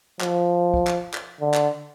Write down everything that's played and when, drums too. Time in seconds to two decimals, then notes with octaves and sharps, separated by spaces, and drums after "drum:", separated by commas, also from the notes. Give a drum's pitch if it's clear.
0.21 F3, drum: clap
0.74 drum: kick
0.87 drum: clap
1.14 drum: clap
1.41 D3
1.54 drum: clap